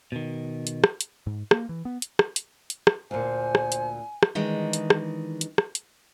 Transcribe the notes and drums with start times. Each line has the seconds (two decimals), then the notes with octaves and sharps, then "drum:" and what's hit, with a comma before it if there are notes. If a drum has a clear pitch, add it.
0.12 B2 D#3
0.67 drum: hi-hat
0.84 drum: rim click
1.01 drum: hi-hat
1.27 G#2
1.51 A#3, drum: rim click
1.69 E3
1.85 B3
2.02 drum: hi-hat
2.19 drum: rim click
2.36 drum: hi-hat
2.70 drum: hi-hat
2.87 drum: rim click
3.11 D2 A#2 C5 G#5
3.55 drum: rim click
3.72 drum: hi-hat
4.23 drum: rim click
4.35 D#3 E3 G#3 D4
4.73 drum: hi-hat
4.90 drum: rim click
5.41 drum: hi-hat
5.58 drum: rim click
5.75 drum: hi-hat